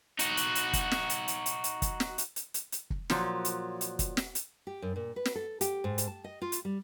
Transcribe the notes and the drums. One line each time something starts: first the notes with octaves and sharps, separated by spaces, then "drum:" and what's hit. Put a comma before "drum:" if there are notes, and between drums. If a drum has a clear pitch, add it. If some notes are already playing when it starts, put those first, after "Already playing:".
D#4 F#4, drum: hi-hat
drum: hi-hat
drum: hi-hat
drum: kick, hi-hat
drum: snare
drum: hi-hat
drum: hi-hat
drum: hi-hat
drum: hi-hat
drum: kick, hi-hat
drum: snare
drum: hi-hat
drum: hi-hat
drum: hi-hat
drum: hi-hat
drum: kick
A#2 F3 F#3, drum: snare
drum: hi-hat
drum: hi-hat
drum: kick, hi-hat
drum: snare
drum: hi-hat
G4
F#2
A#2
B4
drum: snare
A4
G4, drum: hi-hat
G#2
drum: hi-hat
A5
D#5
F4
drum: hi-hat
G3